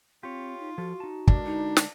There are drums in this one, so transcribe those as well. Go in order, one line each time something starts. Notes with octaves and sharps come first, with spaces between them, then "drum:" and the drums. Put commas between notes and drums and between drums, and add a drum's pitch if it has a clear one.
C4 F4 G4 C#5
D#4
F3 F#4 A4
D#4 A5
D3 G#3 D4 A#4, drum: kick
D#4
drum: snare